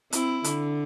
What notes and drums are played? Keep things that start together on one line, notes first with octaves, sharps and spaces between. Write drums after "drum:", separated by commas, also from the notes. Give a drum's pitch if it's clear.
C4 E4, drum: hi-hat
D3, drum: hi-hat